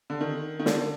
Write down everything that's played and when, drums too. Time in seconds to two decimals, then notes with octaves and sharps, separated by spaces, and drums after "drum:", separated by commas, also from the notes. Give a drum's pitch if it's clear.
0.10 D3
0.21 D#3
0.59 D#3
0.66 D3, drum: snare